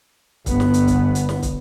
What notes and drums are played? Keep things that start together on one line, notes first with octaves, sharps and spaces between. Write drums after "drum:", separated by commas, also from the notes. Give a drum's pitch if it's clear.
G1 B3, drum: kick, hi-hat
drum: snare
drum: hi-hat
drum: kick, hi-hat
drum: hi-hat
drum: snare
drum: kick, hi-hat